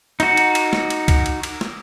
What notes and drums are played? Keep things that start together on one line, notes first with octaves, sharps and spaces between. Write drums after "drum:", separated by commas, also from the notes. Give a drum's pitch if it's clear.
D#4 F#4, drum: cymbal
drum: cymbal
drum: cymbal
drum: snare
drum: cymbal
drum: kick C2, cymbal
drum: cymbal
drum: cymbal
drum: snare